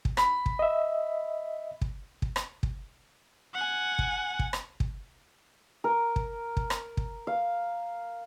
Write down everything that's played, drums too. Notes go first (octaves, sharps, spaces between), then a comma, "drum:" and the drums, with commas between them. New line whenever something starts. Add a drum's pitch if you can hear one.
drum: kick
B5, drum: rim click
drum: kick
D#5 E5
drum: kick
drum: kick
drum: rim click
drum: kick
F#5 G#5
drum: kick
drum: kick
drum: rim click
drum: kick
A#4
drum: kick
drum: kick
drum: rim click
drum: kick
F5